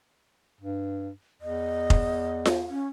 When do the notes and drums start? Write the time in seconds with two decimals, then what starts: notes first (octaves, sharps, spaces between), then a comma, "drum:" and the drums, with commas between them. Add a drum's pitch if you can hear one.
0.61 G2
1.42 E2 D#5
1.90 drum: kick F1
2.45 drum: snare F4
2.70 C#4